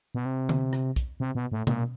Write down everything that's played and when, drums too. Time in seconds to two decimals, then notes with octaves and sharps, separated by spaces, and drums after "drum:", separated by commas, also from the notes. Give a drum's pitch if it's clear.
0.15 B2
0.25 C3
0.49 drum: tom D3
0.73 drum: rim click
0.96 drum: kick, hi-hat
1.20 C3
1.35 B2
1.52 A2
1.67 A#2, drum: tom B2